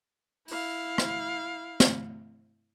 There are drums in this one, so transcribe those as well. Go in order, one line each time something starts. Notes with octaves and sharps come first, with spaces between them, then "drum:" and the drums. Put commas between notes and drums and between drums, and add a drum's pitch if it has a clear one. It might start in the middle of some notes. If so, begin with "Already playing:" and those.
E4 F5, drum: open hi-hat
drum: rim click
drum: snare